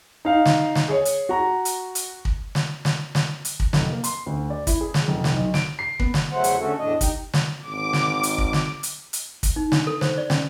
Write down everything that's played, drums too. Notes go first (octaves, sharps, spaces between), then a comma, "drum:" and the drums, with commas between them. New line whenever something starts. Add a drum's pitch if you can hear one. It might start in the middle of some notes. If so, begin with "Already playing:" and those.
D#4 F5
drum: snare
drum: snare
G#4 C#5
drum: hi-hat
F#4 A#5
drum: hi-hat
drum: hi-hat
drum: kick
drum: snare
drum: snare
drum: snare
drum: hi-hat
drum: kick
F1, drum: snare
A#3
C6, drum: hi-hat
D2
D5
E4, drum: kick, hi-hat
G#4
drum: snare
F1
drum: snare
B1
D7, drum: snare
C7
B3, drum: kick
drum: snare
E2 C#3 F#3 A3 C5 F#5
drum: hi-hat
D3 A3 C#4 F#4 A4
E2 A2 D4 D#5
D#4 G4, drum: kick, hi-hat
drum: snare
G#1 D6
drum: snare
drum: hi-hat
drum: kick
drum: snare
drum: hi-hat
drum: hi-hat
drum: kick, hi-hat
D#4
D4, drum: snare
A4
C5, drum: snare
D5
C#4, drum: snare